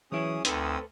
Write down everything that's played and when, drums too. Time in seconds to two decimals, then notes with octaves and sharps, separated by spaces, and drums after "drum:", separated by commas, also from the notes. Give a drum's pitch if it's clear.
0.12 E3 F#3 C#4 E4 G#4 B4 C#5 D#6
0.45 D2 C4 D#4 A4 B4 C5 D#6 E6, drum: hi-hat